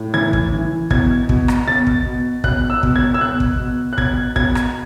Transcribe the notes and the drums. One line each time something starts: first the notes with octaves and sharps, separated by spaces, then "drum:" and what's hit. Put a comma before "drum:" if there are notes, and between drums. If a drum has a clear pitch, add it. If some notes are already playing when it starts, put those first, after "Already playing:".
Already playing: A2
E3 G#6
drum: kick
E3
B2 G#6, drum: kick
B2, drum: kick
drum: rim click
B2 A6
drum: kick
B2
B2 F#6, drum: kick
E6
B2, drum: kick
G#6
E6
B2 F#6
drum: kick
B2
F#6
B2 G#6, drum: kick
B2 G#6, drum: kick
drum: rim click